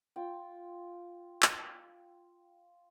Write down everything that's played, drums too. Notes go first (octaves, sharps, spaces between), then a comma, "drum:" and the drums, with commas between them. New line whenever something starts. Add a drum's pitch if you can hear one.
F4 G5
drum: clap